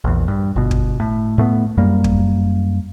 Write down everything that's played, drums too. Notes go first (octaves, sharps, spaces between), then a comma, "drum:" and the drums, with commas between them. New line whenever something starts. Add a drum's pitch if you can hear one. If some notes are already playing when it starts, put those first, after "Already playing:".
A#1 E2
G2
G1 B2
drum: kick
A2
A2 A3 B3
F#2 G3 A#3
drum: kick